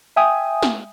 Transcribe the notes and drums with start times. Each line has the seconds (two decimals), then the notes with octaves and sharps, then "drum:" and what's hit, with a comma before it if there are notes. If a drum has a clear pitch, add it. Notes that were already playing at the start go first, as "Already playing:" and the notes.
0.16 E5 G5 G#5 D#6
0.63 drum: snare